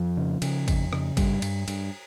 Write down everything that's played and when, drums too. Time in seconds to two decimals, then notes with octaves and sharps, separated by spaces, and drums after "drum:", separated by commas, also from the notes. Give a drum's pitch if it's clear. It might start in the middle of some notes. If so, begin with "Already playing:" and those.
Already playing: F2 F3
0.17 C#3
0.42 C#3, drum: cymbal
0.68 F2, drum: kick G#1, cymbal
0.93 C#3, drum: rim click
1.17 G2 G3, drum: kick G#1, cymbal
1.42 G2, drum: cymbal
1.68 G2, drum: cymbal